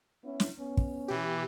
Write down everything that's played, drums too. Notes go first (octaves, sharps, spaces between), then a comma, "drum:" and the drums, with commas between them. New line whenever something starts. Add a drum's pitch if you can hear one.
B3 C#4 E4
drum: snare
B3 C#4
drum: kick
B2 E3 G4